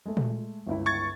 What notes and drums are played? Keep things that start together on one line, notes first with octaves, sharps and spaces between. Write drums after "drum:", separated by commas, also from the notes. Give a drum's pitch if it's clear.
G#3 A3
drum: tom A#2
G1 C#2 E4
C#6 G#6 A6